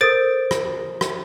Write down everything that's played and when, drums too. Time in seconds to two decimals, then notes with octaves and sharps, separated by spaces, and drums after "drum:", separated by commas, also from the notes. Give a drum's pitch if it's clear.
0.01 A4 A#4 C5 D#6 A6 D7
0.51 drum: rim click
1.01 drum: rim click